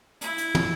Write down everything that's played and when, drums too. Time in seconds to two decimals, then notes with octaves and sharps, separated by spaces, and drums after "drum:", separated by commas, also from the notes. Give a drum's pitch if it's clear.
0.21 E4, drum: hi-hat
0.38 drum: hi-hat
0.55 drum: tom